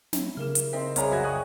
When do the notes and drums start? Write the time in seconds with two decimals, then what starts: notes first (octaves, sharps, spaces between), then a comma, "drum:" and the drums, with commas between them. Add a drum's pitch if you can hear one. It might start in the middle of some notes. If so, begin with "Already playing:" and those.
0.13 F#3 E4, drum: snare
0.37 C#3 G4 A#4 F6
0.55 drum: hi-hat
0.73 C4 D#4 C5 E5
0.96 C2 G#4 C#5 F5 G#5 A#5 B5, drum: hi-hat
1.12 F#2 F#4 E5 G#6
1.24 G5 C#6 D#6 F#6